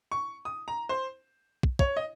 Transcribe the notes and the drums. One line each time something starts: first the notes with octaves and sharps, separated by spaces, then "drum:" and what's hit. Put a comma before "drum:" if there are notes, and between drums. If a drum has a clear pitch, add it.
C#6
D#6
A#5
C5
drum: kick
C#5, drum: kick
D#5